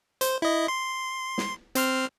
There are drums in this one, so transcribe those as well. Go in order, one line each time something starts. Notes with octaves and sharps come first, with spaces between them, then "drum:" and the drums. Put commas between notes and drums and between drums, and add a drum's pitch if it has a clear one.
C5, drum: hi-hat
E4 D#5
C6
drum: snare
C4 C6 F6, drum: hi-hat